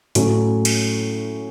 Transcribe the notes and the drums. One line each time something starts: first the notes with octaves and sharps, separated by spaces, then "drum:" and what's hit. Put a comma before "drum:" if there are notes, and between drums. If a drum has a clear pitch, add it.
A2 F#3 A3 C#4, drum: hi-hat
drum: cymbal